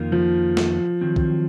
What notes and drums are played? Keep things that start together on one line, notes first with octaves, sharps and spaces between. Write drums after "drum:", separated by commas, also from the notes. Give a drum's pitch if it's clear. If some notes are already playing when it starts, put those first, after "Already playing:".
Already playing: F2 D#3 A#3 F4
F3
drum: snare
D#3 F#3 C4
drum: kick